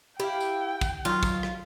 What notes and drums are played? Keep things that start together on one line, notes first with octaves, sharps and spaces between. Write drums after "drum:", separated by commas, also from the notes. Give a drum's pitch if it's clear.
E4 G4 F5 G5
drum: tambourine
drum: kick, tambourine
D#3 F#3 F4
drum: kick, tambourine
drum: rim click